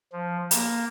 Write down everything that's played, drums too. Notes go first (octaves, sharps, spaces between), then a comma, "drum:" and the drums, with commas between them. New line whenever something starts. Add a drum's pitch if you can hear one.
F3
A#3, drum: hi-hat